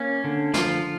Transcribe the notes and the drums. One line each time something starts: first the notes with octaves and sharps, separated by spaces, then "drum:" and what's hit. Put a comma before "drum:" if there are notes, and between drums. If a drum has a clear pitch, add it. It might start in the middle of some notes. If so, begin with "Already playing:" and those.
Already playing: A#3 C#4
D3
F3 F4, drum: snare